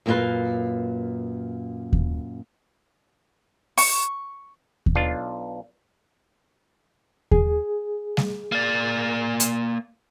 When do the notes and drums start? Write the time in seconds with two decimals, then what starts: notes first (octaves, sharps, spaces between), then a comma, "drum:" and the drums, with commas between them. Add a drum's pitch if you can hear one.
0.06 F#2 A#2 A#3 D#4 F4 B4
1.93 drum: kick D#2
3.78 C#6, drum: open hi-hat
4.86 drum: kick D#2
4.95 B1 D4 F4
7.31 G#4, drum: kick D#2
8.17 drum: snare G3
8.52 A#3 D5
9.40 drum: hi-hat